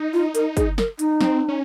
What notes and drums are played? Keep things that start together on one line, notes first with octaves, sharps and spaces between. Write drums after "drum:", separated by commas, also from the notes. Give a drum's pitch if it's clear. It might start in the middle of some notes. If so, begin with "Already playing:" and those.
Already playing: D#4
F4
A#4, drum: hi-hat
G#4, drum: kick, hi-hat
A#4, drum: snare
D#4, drum: hi-hat
C4, drum: snare
C#4